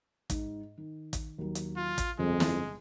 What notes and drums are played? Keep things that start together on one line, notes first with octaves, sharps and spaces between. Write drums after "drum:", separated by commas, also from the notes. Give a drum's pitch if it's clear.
G#2, drum: kick, hi-hat
D#3
drum: kick, hi-hat
D#2 F#3
drum: hi-hat
F4
drum: kick, hi-hat
G1 F2 G#3 G#4
drum: snare